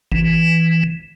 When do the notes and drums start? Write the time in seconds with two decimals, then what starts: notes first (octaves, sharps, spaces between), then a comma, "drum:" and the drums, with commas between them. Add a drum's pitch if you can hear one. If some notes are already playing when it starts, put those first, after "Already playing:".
0.12 E3, drum: kick G#1